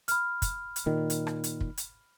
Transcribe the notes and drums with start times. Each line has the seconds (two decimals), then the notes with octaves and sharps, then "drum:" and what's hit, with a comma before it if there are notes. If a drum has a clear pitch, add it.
0.08 B5 F6, drum: hi-hat
0.42 drum: kick, hi-hat
0.76 drum: hi-hat
0.86 A#2 D#3
1.10 drum: hi-hat
1.27 drum: rim click
1.44 drum: hi-hat
1.61 drum: kick
1.77 drum: hi-hat